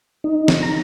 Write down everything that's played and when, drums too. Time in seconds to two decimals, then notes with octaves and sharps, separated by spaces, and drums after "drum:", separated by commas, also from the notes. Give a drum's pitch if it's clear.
0.24 D#4
0.48 drum: snare
0.63 A#5